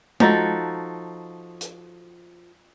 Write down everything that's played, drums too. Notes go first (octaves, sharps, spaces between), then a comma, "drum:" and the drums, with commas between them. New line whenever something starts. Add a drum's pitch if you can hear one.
F3 D#4 F#4 A4, drum: tom G#3
drum: hi-hat